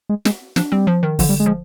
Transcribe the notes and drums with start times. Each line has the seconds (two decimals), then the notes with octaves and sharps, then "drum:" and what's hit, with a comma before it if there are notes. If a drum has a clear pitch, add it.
0.09 G#3
0.25 G#3, drum: snare
0.56 F3 D4, drum: snare
0.72 G3 C4
0.87 F3
1.03 D#3
1.19 D3 F3, drum: kick, open hi-hat
1.29 G3
1.40 G#3
1.46 F3